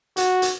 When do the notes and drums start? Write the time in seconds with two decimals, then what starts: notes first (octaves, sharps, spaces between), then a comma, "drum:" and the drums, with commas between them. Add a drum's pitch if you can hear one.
0.17 F#4, drum: hi-hat
0.42 drum: hi-hat